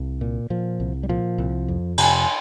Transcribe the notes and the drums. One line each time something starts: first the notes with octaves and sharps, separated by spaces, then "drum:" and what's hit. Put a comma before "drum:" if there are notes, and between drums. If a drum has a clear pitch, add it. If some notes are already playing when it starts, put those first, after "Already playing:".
Already playing: C2
A#2
A#2 F3
C2
G3
A#2 F3
C2
F2
C3, drum: cymbal